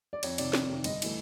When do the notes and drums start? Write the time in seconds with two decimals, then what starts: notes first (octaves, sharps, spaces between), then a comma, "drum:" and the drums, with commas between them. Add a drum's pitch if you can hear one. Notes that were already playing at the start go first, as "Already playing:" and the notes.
0.13 D5
0.23 F2 C#5, drum: cymbal
0.38 C3 D#3 D5, drum: cymbal
0.53 F2, drum: snare
0.69 C3 D#3
0.84 G1 D#5, drum: cymbal
1.02 E3 A3, drum: cymbal